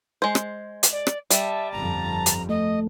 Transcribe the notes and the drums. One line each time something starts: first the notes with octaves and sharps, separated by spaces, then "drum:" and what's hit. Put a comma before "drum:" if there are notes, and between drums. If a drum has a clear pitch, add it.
G#3 C5
drum: rim click
drum: hi-hat
D5
drum: rim click
G3 E5 A5, drum: hi-hat
G1 F2 A#5
drum: hi-hat
A3 D#5